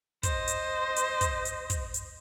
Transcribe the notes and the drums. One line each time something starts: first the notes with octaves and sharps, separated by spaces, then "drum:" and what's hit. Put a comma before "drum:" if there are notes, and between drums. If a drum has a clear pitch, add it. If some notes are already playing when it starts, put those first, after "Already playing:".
C5 D#5, drum: kick, hi-hat
drum: hi-hat
drum: hi-hat
drum: kick, hi-hat
drum: hi-hat
drum: kick, hi-hat
drum: hi-hat